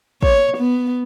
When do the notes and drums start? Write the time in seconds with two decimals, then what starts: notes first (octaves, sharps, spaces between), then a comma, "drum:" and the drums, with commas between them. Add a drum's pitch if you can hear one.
0.23 C#5, drum: kick
0.57 B3